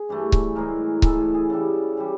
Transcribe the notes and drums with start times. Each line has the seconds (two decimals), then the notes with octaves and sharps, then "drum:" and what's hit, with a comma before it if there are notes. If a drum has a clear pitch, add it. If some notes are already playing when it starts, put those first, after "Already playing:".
Already playing: G#4
0.09 G2 E3 A3
0.32 drum: kick C#1
0.55 A2 E3 G#3 A#4
1.02 A2 E3 G#3 A4, drum: kick C#1
1.18 A4
1.35 G#4
1.49 C#3 E3 G3 A4
1.97 C#3 E3 G3